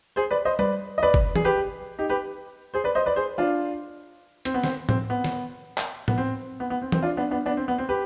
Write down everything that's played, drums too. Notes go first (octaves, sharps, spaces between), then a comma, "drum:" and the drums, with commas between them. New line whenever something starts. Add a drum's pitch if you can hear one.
G#4 C5
B4 D5
C5 D#5
B4 D5, drum: tom G3
D#5
B4 D5
drum: kick G1
G#4, drum: tom E3
G4 B4
D#4 G4
G4 B4
G#4 C5
B4 D5
C5 D#5
B4 D5
G#4 C5
D4 F4
C4, drum: hi-hat
B3
C4, drum: snare
C4, drum: tom A2
B3
drum: snare
drum: clap
B3, drum: tom A2
C4
B3
B3
C4
C4, drum: tom E3
D4 F4
B3 D4
B3 D4
B3 D4
C4
B3
C4
G4 B4